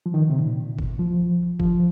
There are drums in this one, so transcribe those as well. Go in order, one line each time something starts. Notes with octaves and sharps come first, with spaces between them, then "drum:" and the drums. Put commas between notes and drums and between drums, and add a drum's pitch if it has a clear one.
F3
D#3
D3
C3
A#2
drum: kick
F3
F3, drum: kick